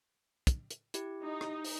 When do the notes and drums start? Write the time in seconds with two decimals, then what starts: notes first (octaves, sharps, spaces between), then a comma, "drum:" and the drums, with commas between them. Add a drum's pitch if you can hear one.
0.47 drum: kick, hi-hat
0.71 drum: hi-hat
0.94 E4 G4, drum: hi-hat
1.24 D#4
1.41 drum: rim click
1.64 drum: open hi-hat